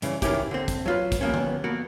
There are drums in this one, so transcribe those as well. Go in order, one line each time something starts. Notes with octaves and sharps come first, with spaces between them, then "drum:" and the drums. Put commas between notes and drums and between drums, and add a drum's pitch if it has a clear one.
G2 C#3 E3, drum: hi-hat
D#3 E3 C#4 E4 G4, drum: kick, hi-hat
D3 C4
drum: kick, hi-hat
F#3 F4 B4
drum: kick, hi-hat
F3 G3 A#3 B3 C#4
drum: tom D3
F2 A#3 B3 F#4 F#5